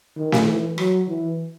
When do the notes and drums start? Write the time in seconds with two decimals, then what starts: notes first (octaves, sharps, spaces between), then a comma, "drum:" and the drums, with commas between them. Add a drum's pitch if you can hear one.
0.17 D#3
0.32 drum: snare
0.47 E3
0.78 F#3, drum: rim click
1.08 E3